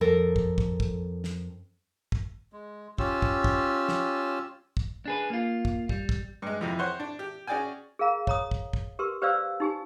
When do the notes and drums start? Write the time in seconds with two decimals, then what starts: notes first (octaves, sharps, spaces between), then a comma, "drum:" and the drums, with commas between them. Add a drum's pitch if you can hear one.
0.01 F2 A4 A#4
0.36 drum: kick
0.58 drum: kick
0.80 drum: kick
1.24 drum: snare
2.12 drum: kick
2.53 G#3
2.98 C#4 F4 G4 E6, drum: kick
3.22 drum: kick
3.44 drum: kick
3.89 drum: snare
4.77 drum: kick
5.06 D4 G#4 B4
5.30 A#3 F4
5.65 drum: kick
5.89 G3, drum: kick
6.09 drum: kick
6.42 G2 G#3
6.61 F2 C3 E3
6.79 C5 C#5 F#5 C6 C#6 F#6
7.00 D4
7.19 G4
7.47 C#4 F#4 G#4 D5 G5 G#5
7.99 G#4 A#4 F5 A#5
8.27 C#5 A#5 D#6, drum: kick
8.51 drum: kick
8.73 drum: kick
8.99 G4 A#4 B4 C6
9.22 G4 B4 C5 D5 F5 E6
9.60 D#4 G4 G#5